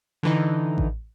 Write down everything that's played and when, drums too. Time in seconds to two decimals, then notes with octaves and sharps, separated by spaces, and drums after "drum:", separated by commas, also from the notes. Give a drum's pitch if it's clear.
0.23 D3 E3 D#4
0.78 drum: kick A1